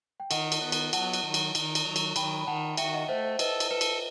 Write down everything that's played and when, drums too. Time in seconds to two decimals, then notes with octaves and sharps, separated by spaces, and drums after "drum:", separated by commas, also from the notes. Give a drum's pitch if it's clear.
0.20 G5
0.31 D#3 D#5 F#5, drum: cymbal
0.52 drum: cymbal
0.61 B3
0.72 drum: cymbal
0.93 F#3 F#5 A5, drum: cymbal
1.13 drum: cymbal
1.23 D#3
1.34 drum: cymbal
1.55 D#3, drum: cymbal
1.75 drum: cymbal
1.85 F#3
1.96 drum: cymbal
2.16 D#3 G5 B5, drum: cymbal
2.40 B5
2.47 D#3 F#5 A5
2.77 F#4 E5 G5, drum: cymbal
2.93 D#5 F#5
3.09 A3 C5 E5
3.24 C5 E5
3.39 A4 B4 D#5, drum: cymbal
3.60 drum: cymbal
3.71 A4 B4
3.81 drum: cymbal